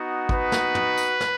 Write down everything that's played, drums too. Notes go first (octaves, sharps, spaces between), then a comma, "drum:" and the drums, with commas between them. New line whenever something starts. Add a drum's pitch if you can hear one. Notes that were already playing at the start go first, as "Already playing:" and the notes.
Already playing: B3 D#4 F#4
B4, drum: kick
drum: snare
drum: tom
drum: tambourine
drum: snare